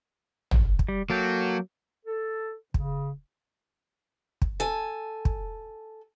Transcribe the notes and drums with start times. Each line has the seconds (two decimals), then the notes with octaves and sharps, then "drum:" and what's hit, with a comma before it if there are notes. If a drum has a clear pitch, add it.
0.51 drum: tom
0.79 drum: kick
0.88 G3
1.10 F#3 A#3 A4 G5
2.06 A4
2.74 C#3, drum: kick
4.42 drum: kick
4.60 A4 G#5
5.25 drum: kick